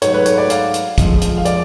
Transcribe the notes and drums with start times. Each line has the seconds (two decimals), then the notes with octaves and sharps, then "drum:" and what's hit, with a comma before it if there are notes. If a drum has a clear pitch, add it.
0.02 G#2 F#3 A3 C#5, drum: hi-hat
0.14 B4
0.26 C#5, drum: hi-hat
0.38 D5
0.50 F5, drum: hi-hat
0.74 drum: hi-hat
0.98 F2 F3 G#3, drum: kick, hi-hat
1.21 drum: hi-hat
1.37 F5
1.45 D5, drum: hi-hat